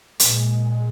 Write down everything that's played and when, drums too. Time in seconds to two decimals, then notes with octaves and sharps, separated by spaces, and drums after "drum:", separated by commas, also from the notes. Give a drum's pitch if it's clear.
0.20 A#2 G#3, drum: hi-hat